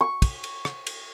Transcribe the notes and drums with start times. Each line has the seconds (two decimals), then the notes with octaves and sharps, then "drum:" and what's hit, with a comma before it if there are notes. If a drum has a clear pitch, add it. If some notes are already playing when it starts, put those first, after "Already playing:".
0.01 C#6
0.22 drum: kick, cymbal
0.44 drum: cymbal
0.65 drum: rim click
0.87 drum: cymbal